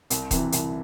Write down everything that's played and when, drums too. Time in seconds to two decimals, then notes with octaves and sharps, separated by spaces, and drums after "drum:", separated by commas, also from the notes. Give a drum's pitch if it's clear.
0.10 C2, drum: hi-hat
0.31 C3 E3, drum: kick D#1, hi-hat
0.52 C2, drum: hi-hat